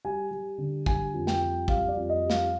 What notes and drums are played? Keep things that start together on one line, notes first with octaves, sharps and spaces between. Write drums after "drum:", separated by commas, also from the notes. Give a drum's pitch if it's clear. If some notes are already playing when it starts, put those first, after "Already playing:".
G3 G#5
G3
D3
G3 G#5, drum: kick
F2
G5, drum: snare
G3
G3 F5, drum: kick
D5
F2
D#5
G3
F5, drum: snare